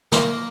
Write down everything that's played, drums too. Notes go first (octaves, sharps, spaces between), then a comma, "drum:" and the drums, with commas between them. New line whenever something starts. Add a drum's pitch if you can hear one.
A#3, drum: snare